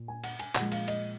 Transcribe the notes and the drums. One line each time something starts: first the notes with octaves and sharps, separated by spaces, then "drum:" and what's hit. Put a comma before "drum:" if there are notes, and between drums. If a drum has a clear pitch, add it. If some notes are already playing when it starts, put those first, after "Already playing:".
Already playing: A#2
G#5
F#5, drum: cymbal
G#5, drum: cymbal
A#2 F3 G#3 F#5, drum: clap
F5, drum: cymbal
D#5, drum: cymbal